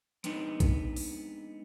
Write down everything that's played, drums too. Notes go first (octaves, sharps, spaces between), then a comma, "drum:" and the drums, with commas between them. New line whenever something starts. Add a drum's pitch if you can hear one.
G#3 B3 C4 D4 D#4, drum: hi-hat
drum: kick, hi-hat
drum: open hi-hat